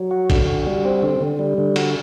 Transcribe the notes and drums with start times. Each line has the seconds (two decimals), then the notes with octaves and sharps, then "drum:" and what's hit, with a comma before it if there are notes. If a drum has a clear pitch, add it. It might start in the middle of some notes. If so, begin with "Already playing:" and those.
Already playing: F#3
0.11 F#4
0.30 D3, drum: kick, cymbal
0.47 F#4
0.67 G3
0.85 C4
1.03 D3
1.20 D3
1.39 G3
1.58 D3
1.76 F#4, drum: cymbal